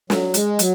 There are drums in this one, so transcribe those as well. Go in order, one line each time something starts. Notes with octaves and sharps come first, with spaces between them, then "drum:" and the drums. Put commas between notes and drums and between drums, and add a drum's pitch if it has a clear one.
F#3, drum: snare
G#3, drum: hi-hat
F#3, drum: hi-hat